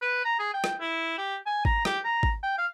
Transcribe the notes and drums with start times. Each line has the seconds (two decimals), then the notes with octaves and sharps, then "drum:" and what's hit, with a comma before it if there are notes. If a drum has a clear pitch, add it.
0.01 B4
0.25 A#5
0.39 G#4
0.53 G5
0.64 drum: rim click
0.80 E4
1.18 G4
1.46 G#5
1.65 A#5, drum: kick G#1
1.85 G4, drum: rim click
2.05 A#5
2.23 drum: kick G#1
2.43 G5
2.58 F5